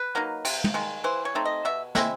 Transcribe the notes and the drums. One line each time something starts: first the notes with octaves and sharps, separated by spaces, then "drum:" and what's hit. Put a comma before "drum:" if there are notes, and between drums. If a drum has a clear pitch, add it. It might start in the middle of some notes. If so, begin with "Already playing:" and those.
Already playing: B4
F#3 A#3 D#4
C3, drum: cymbal
drum: tom
D#3 G#3
E3 C5
C#5
A3 C4 D#4
D#5
B2 E5
G#3 C4 E4 E5, drum: snare